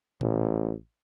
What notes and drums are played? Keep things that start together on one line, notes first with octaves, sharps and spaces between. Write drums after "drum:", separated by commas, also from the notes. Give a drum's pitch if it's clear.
A1, drum: tom A#2